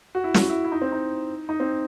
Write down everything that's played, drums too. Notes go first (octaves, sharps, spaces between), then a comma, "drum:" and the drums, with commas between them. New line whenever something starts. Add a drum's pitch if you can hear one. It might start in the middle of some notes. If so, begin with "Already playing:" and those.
F#4
E4
E4, drum: snare
F#4
E4
E4
D#4
C4
D#4
D#4
C4